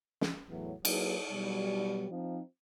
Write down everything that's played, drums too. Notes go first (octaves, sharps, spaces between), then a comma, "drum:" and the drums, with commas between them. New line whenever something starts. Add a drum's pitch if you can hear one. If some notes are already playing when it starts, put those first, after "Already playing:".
drum: snare
E2 A2 E3 F#3
F#3 A#3 E4 G#4 B4, drum: cymbal
B2 F#3 G3
F3 C4 D#4